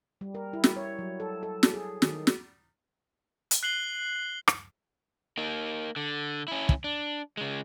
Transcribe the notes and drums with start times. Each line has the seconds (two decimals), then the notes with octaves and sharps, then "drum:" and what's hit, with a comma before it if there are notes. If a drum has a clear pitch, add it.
0.21 G3
0.35 A#4
0.53 E4
0.64 drum: snare
0.76 C#5
0.99 F#3
1.20 A4
1.43 A4
1.63 drum: snare
1.74 G#4
2.02 D#3, drum: snare
2.27 drum: snare
3.51 drum: hi-hat
3.63 F#6 C7 F#7 G7
4.48 drum: rim click
5.38 A#3 D#4
5.96 D3
6.48 C#4 E4
6.69 drum: kick
6.84 D4
7.37 C#3 G#3